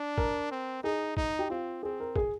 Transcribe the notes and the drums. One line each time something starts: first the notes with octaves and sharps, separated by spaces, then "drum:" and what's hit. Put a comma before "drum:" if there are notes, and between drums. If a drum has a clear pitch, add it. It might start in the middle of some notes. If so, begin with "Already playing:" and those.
Already playing: D4
A#4, drum: kick
C4
D#4 G#4
D#4, drum: kick
G4
C4 F4
C4 G#4
A#4
G#4, drum: kick